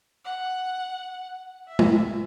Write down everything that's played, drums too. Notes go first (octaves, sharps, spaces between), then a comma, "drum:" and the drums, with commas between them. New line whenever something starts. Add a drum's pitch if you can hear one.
F#5
E5
drum: tom G#3